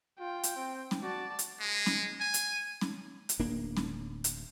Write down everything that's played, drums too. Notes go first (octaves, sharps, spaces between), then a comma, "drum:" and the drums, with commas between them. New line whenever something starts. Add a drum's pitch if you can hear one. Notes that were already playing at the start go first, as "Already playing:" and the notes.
F4 G5
drum: hi-hat
C4
drum: snare C#4
F#4 D5 A5
drum: hi-hat
G#3
drum: snare C#4
G#5
drum: hi-hat
drum: snare C#4
drum: hi-hat
D1 A#3 D4
drum: snare C#4
drum: hi-hat